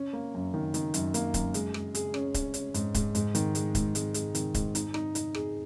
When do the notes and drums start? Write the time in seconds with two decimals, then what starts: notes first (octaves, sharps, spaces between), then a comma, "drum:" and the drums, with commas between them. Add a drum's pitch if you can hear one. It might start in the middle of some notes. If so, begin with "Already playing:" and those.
Already playing: C#4
0.13 A#3
0.34 F#2
0.54 D#3
0.74 D#3, drum: hi-hat
0.94 F#2, drum: hi-hat
1.14 A#3, drum: hi-hat
1.34 F#2, drum: kick D1, hi-hat
1.54 G#3, drum: hi-hat
1.74 G#3, drum: rim click
1.95 G#4, drum: hi-hat
2.14 C#4, drum: rim click
2.34 C#4, drum: kick D1, hi-hat
2.54 C#4, drum: hi-hat
2.74 G#2, drum: hi-hat
2.94 G#2, drum: kick D1, hi-hat
3.15 G#2, drum: hi-hat
3.35 D#3, drum: hi-hat
3.55 G#3, drum: hi-hat
3.75 G#2, drum: kick D1, hi-hat
3.95 G#3, drum: hi-hat
4.14 G#3, drum: hi-hat
4.35 D#3, drum: hi-hat
4.54 G#2, drum: kick D1, hi-hat
4.75 D#4, drum: hi-hat
4.94 D#4, drum: rim click
5.15 D#4, drum: hi-hat
5.34 G#4, drum: rim click